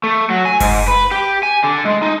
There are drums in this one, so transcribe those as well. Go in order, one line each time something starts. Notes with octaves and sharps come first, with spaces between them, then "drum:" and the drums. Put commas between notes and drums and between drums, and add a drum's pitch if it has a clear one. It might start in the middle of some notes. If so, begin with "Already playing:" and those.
A3
F#3
G#5
G#2, drum: kick F#1, open hi-hat
B4
G4
G#5
D3
G#3
D#4